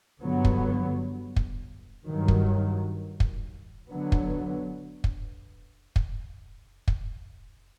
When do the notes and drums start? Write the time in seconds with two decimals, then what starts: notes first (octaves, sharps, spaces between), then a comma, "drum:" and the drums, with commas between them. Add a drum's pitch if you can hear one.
0.22 G2 D3 F#3 B3
0.45 drum: kick
1.36 drum: kick
2.06 G2 D#3 F#3
2.28 drum: kick
3.20 drum: kick
3.89 D3 F#3 B3
4.12 drum: kick
5.04 drum: kick
5.96 drum: kick
6.88 drum: kick